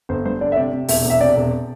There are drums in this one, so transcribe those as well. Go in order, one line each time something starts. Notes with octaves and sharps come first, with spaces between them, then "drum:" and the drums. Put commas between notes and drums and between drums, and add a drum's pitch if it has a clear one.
G1 C5
G2 C5
D3 D5
E5
C3 D5
C3
E1 E5, drum: open hi-hat
E1
E5
C3 D5
E1